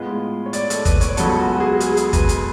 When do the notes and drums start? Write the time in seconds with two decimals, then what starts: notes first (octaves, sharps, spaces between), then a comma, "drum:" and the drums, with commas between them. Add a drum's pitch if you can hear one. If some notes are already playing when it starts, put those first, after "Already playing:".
Already playing: A2 G#3 B3 F4
0.46 C#5
0.53 D5, drum: hi-hat
0.70 A4, drum: hi-hat
0.85 B4, drum: kick, hi-hat
1.01 C#5, drum: hi-hat
1.17 C#2 C#3 F#3 B3 A4, drum: hi-hat
1.38 F#4
1.55 F#4
1.60 G#4
1.80 G#4, drum: hi-hat
1.97 drum: hi-hat
2.13 B4, drum: kick, hi-hat
2.29 drum: hi-hat